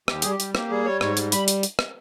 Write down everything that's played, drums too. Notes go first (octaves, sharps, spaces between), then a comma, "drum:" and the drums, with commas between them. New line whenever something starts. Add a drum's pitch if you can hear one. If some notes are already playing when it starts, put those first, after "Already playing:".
D#2 G4, drum: rim click
G3 G#4, drum: hi-hat
G4
G3, drum: hi-hat
A#3 G4, drum: rim click
G3 G#4
G3 C#5
G#2 C#5, drum: rim click
G3, drum: hi-hat
G3 B5, drum: hi-hat
drum: hi-hat
drum: hi-hat
drum: rim click